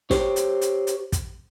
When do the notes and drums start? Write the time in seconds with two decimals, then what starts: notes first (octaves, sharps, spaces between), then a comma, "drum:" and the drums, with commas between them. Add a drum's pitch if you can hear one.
0.11 G4 C5 C#5, drum: snare
0.36 drum: hi-hat
0.61 drum: hi-hat
0.87 drum: hi-hat
1.12 drum: kick, hi-hat